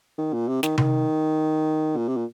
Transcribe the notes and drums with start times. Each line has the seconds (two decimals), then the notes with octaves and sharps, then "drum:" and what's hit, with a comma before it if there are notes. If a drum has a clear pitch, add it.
0.18 D#3
0.33 A#2
0.48 C3
0.63 D#3, drum: snare
0.78 D#3, drum: tom C3
1.97 A#2
2.08 C3
2.17 A#2